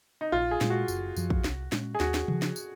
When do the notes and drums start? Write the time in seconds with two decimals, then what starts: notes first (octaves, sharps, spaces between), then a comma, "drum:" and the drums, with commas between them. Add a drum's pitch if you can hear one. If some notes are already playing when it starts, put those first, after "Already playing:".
0.21 D#4
0.32 A#1 F4
0.51 G#4
0.61 A#2 G#3, drum: snare
0.70 F#4
0.88 F#1, drum: tambourine
1.16 F#2 F3, drum: tambourine
1.30 drum: kick
1.44 C2, drum: snare
1.72 A#2 G#3 C#4, drum: snare
1.95 G#4
2.00 D#2 F#4, drum: snare
2.14 drum: snare
2.28 C#3 F3, drum: tom
2.42 drum: snare
2.56 drum: tambourine